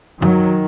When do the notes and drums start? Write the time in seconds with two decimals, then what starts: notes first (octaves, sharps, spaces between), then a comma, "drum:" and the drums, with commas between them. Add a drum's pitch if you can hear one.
0.22 D#3 F#3, drum: tom